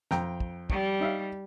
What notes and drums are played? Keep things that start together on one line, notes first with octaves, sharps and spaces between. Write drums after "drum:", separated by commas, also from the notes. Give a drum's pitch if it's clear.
F2 G5 A#5, drum: snare
drum: kick
G3, drum: kick
D#4 E5 F5